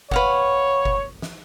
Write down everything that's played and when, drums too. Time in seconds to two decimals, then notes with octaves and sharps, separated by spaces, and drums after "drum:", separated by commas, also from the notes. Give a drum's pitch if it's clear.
0.11 B4 C#5 F5 F#5, drum: kick F#1
0.85 drum: kick F#1
1.22 drum: snare